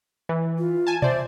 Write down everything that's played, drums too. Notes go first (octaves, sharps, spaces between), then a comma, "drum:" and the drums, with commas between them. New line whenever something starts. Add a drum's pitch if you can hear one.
E3
F4
G#5 A5
C5 D5 E5, drum: tom B2